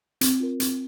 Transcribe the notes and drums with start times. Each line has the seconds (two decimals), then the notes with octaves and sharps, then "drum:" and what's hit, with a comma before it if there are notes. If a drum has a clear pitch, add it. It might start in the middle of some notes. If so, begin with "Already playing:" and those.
0.21 C4, drum: hi-hat
0.40 F4 A#4
0.60 C4, drum: hi-hat